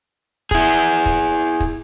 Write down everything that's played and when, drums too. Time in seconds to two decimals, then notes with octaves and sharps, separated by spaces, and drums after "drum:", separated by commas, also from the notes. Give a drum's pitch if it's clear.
0.51 E4 G#4, drum: kick
1.06 drum: kick
1.60 drum: kick